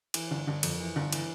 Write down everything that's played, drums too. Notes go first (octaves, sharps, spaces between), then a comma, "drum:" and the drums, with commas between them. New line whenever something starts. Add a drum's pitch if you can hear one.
E3, drum: cymbal
G1
G1
F2, drum: cymbal
E3
G1
E3, drum: cymbal